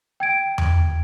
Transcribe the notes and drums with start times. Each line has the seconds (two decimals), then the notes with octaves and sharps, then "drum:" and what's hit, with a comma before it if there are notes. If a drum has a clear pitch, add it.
0.20 G5 G#6 D7
0.58 drum: tom E2